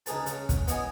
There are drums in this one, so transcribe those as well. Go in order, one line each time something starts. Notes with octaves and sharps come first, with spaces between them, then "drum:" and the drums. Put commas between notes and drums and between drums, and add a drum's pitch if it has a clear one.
C#2 D#4 G#4 B4 A5, drum: hi-hat
C#3, drum: hi-hat
drum: kick, hi-hat
B3 E4 D#5 G#5, drum: hi-hat